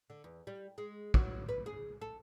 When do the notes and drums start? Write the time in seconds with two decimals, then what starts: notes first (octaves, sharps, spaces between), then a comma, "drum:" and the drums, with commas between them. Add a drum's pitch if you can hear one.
0.10 D3
0.24 E2
0.47 G3
0.78 G#3
1.14 F#3, drum: kick
1.49 B4
1.66 G#4
2.01 A4